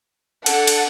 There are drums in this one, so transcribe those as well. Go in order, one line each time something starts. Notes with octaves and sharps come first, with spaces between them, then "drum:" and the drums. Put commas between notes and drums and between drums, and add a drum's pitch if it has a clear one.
D4 A4 F#5, drum: cymbal
drum: cymbal